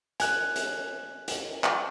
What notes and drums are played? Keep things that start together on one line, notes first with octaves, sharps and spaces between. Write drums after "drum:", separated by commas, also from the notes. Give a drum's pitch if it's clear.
G#5 F#6, drum: hi-hat
drum: hi-hat
drum: hi-hat
drum: clap